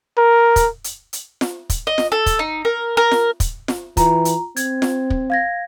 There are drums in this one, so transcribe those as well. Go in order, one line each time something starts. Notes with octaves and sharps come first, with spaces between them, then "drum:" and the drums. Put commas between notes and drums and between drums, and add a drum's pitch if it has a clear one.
A#4
drum: kick, hi-hat
drum: hi-hat
drum: hi-hat
drum: snare F4
drum: kick, hi-hat
D#5
drum: snare F4
A4
drum: kick, hi-hat
D#4
A#4
A#4
drum: snare F4
drum: kick, hi-hat
drum: snare F4
E3 F4 A#5, drum: kick, hi-hat
drum: hi-hat
C4 G#6, drum: hi-hat
drum: snare F4
drum: kick
F5 G#6 A#6